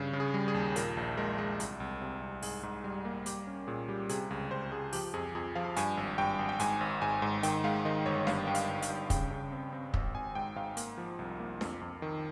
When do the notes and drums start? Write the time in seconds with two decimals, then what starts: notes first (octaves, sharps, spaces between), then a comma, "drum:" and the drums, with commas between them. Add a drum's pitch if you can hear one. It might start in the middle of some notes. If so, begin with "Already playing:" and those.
Already playing: G2 C#3
0.13 C#3
0.20 G#4
0.34 G3
0.48 G#4
0.54 D#2
0.76 A#2 A#4, drum: hi-hat
0.97 A#1
1.17 G#3 A#4
1.38 G#3
1.60 C2, drum: hi-hat
1.80 C2
2.01 C3
2.22 C2
2.43 G#2 G#4, drum: open hi-hat
2.63 G#2
2.84 G3
3.05 A#3
3.26 G3 G4, drum: hi-hat
3.47 C#4
3.67 A#2 G#4
3.88 G3 G4
4.09 C3 G#4, drum: hi-hat
4.30 C#2 G#4
4.51 C#2 C5
4.72 C#2 G#4
4.93 F3 G4, drum: open hi-hat
5.14 F2 G#4
5.35 F2 G#4
5.55 F3 F5
5.76 G2 G#5, drum: hi-hat
5.97 G#1
6.18 G2 G5
6.39 G#1
6.49 G5
6.59 G#2 G#5, drum: hi-hat
6.81 G#1
7.02 G#2 G#5
7.22 G#2
7.43 D#3 G5, drum: hi-hat
7.64 G#3 F5
7.85 D#3 D#5
8.06 G1 C#5
8.27 G2 F5, drum: snare D4
8.47 G2 G5
8.55 F5, drum: hi-hat
8.69 G1
8.82 F5, drum: hi-hat
8.89 G2
9.10 C#3 G5, drum: kick, hi-hat
9.31 C#3
9.52 C4
9.73 C4
9.94 G#1, drum: kick
10.15 G#1 G#5
10.35 G#2 G5
10.56 G#2 F5
10.77 A#3, drum: hi-hat
10.98 F3
11.19 C2
11.39 A#3
11.61 F2, drum: snare D4
11.81 F2
12.02 D#3